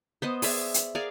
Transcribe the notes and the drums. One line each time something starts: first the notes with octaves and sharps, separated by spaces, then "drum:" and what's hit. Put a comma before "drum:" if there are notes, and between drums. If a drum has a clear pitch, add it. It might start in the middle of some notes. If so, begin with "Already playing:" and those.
B3 C5 D#5
G#4 D5 E5, drum: open hi-hat
drum: hi-hat
G#4 A#4 D5 F5